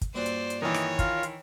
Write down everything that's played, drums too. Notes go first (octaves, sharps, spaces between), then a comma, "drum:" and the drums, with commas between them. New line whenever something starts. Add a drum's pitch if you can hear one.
drum: kick, hi-hat
G2 A#2 F#4 C5 D5
drum: hi-hat
drum: hi-hat
D#3 E3 C#5 D#5
drum: rim click
F4 A#4 F5, drum: kick, hi-hat
drum: hi-hat